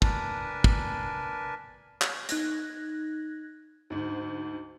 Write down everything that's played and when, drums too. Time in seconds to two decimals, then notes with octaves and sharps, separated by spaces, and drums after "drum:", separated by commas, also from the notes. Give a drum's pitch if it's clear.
0.02 D4 A#4 B4 G#5 A5, drum: kick
0.64 drum: kick
2.02 drum: clap
2.29 D#4 F#6 G#6 A#6, drum: hi-hat
3.90 D2 G#2